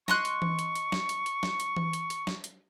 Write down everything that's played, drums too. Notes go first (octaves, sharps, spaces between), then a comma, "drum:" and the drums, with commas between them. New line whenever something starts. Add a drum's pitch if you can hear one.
D#5 C6 C#6 F#6, drum: snare
drum: hi-hat
drum: tom E3
drum: hi-hat
drum: hi-hat
drum: snare
drum: hi-hat
drum: hi-hat
drum: snare
drum: hi-hat
drum: tom E3
drum: hi-hat
drum: hi-hat
drum: snare
drum: hi-hat